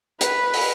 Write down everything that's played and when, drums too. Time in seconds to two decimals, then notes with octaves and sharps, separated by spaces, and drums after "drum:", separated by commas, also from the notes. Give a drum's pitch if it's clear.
0.21 B4, drum: hi-hat
0.54 drum: open hi-hat